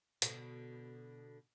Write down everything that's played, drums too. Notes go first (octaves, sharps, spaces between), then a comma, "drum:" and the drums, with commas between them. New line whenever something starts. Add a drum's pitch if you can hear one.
B2 D3, drum: hi-hat